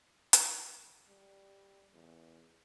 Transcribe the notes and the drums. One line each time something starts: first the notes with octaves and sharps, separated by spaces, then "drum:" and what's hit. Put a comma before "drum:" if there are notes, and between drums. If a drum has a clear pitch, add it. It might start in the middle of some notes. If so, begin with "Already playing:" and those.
drum: hi-hat
G3
E2